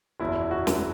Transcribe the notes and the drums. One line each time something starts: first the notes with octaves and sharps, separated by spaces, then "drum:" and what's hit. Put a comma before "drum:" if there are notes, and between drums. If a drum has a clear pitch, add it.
F#1 E2 B2 E4
F#4
drum: snare